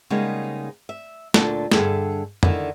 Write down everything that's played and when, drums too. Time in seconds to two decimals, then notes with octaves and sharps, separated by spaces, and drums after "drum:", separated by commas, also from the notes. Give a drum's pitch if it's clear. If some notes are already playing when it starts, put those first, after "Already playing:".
0.10 C#3 G3 G#3 A#3 B3 D#4
0.89 E5
1.34 D2 A#2 D4 A4, drum: snare
1.72 G2 D3 G#4 A4 E5, drum: snare
2.43 D3 D#3 E4, drum: tom F2